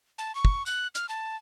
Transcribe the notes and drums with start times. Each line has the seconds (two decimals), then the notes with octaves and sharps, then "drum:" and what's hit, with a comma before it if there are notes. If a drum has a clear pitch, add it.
0.18 A5
0.35 C#6
0.45 drum: kick
0.66 F#6, drum: tambourine
0.95 F6, drum: hi-hat
1.09 A5